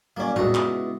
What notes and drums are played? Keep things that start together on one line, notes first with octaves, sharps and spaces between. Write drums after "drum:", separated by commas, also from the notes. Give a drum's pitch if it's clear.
F#3 A#3 C#4 D5
C#2 B3 E4 F#4, drum: tom
drum: clap